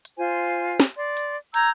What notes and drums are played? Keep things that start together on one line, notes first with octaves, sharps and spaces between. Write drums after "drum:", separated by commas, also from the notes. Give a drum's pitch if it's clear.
drum: hi-hat
F4 C5 G#5
drum: snare
D5 C6
drum: hi-hat
A#5 E6 G6 G#6, drum: hi-hat